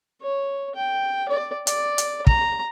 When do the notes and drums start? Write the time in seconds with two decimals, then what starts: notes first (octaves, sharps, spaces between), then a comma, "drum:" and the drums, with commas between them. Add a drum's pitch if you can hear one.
0.22 C#5
0.75 G5
1.28 D5
1.67 D5, drum: hi-hat
1.98 drum: hi-hat
2.27 A#5, drum: kick